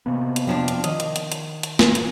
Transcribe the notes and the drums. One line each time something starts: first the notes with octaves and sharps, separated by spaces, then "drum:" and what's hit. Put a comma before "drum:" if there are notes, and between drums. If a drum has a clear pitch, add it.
C3 A#3 B3
drum: hi-hat
F2 F3 D4
drum: hi-hat
D#3 D#5, drum: hi-hat
drum: hi-hat
drum: hi-hat
drum: hi-hat
drum: hi-hat
drum: snare
drum: hi-hat